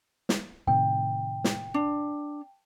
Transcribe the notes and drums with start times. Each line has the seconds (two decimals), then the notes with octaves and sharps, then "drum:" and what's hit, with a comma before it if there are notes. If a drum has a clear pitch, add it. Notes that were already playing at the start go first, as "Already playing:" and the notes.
0.29 drum: snare
0.67 A2 C3 D#3 G5
1.44 drum: snare
1.74 D4